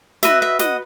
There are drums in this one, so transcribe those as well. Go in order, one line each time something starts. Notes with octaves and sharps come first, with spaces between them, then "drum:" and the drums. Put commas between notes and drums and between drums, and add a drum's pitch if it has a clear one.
F#4 B4 D#5 E5, drum: snare
E5
D#5 F#5, drum: snare